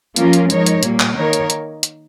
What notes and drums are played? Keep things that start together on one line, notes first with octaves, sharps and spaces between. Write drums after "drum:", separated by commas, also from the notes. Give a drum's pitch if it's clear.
F3 A#3 C#4 F4 A#4, drum: hi-hat
drum: hi-hat
F3 G#3 D#4 A#4 C#5, drum: hi-hat
drum: hi-hat
A#2 G3 A#3, drum: hi-hat
drum: clap
D#3 A#3 D#4 A#4 C#5
drum: hi-hat
drum: hi-hat
drum: hi-hat